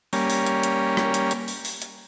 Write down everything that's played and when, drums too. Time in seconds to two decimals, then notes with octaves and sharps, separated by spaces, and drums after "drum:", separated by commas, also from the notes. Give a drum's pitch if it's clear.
0.13 G3 A#3 C#4, drum: open hi-hat
0.30 drum: open hi-hat
0.47 drum: hi-hat
0.63 drum: hi-hat
0.97 drum: rim click
1.14 drum: hi-hat
1.31 drum: hi-hat
1.48 drum: open hi-hat
1.65 drum: open hi-hat
1.82 drum: hi-hat